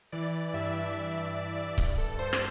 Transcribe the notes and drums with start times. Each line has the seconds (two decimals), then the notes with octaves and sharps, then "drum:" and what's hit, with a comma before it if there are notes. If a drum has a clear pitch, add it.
0.12 E3 D5
0.54 G2 E5
0.62 D5
0.70 E5
0.86 D5
0.95 E3 E5
1.10 E5
1.16 D5
1.36 G2 D5
1.57 D5
1.78 G2 D5, drum: kick C#1
1.98 A4
2.19 G2 C5
2.33 drum: rim click